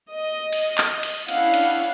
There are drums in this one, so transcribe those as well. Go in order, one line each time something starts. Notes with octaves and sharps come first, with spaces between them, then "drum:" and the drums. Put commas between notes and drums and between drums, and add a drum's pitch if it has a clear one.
D#5
drum: cymbal
drum: clap
drum: cymbal
C#4 D4 E4 F5 F#5, drum: cymbal
drum: cymbal